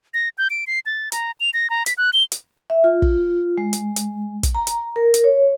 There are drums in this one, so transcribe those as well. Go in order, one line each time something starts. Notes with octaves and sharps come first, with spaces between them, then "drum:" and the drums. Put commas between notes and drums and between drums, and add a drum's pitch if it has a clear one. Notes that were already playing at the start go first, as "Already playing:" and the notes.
A#6
G6
D7
C7
A6
A#5, drum: hi-hat
F7
A#6
A#5
B6, drum: hi-hat
F#6
G7
drum: hi-hat
E5
F4
drum: kick
G#3
drum: hi-hat
drum: hi-hat
drum: kick, hi-hat
A#5
drum: hi-hat
A#4
drum: hi-hat
C#5